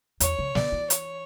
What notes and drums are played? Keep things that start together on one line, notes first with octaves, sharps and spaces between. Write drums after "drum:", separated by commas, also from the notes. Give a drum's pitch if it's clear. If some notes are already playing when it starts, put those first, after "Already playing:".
E2 C#5, drum: hi-hat
C#3
D3 D5, drum: snare
E3
C#5, drum: hi-hat